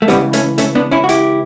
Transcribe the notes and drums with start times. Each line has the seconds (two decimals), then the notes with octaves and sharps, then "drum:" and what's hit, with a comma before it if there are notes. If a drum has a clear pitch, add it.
0.02 A3
0.08 C#2 C#3 E3 G3 B3, drum: snare
0.33 A3 C#4, drum: hi-hat
0.58 A3 C#4, drum: hi-hat
0.75 B3 D4
0.91 C#4 E4
1.04 F#4
1.09 E4 G4, drum: hi-hat